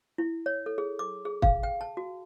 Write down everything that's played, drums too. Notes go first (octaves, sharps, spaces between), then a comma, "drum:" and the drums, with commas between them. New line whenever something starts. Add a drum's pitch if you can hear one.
E4
C#5
A4
G#4
D6
G#4
F5, drum: kick
G5
A5
F#4